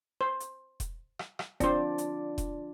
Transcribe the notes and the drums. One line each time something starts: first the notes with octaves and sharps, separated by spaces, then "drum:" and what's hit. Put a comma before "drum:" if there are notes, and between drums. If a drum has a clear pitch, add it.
C5
drum: hi-hat
drum: kick E1, hi-hat
drum: rim click
drum: rim click
C4 D4 F4 C5 D5, drum: kick E1, hi-hat
drum: hi-hat
drum: kick E1, hi-hat